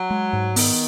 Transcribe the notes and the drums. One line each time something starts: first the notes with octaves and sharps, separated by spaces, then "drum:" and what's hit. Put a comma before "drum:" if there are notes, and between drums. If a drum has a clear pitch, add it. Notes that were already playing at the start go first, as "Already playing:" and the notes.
Already playing: F#3
G#3
G#2
D#3 B3, drum: open hi-hat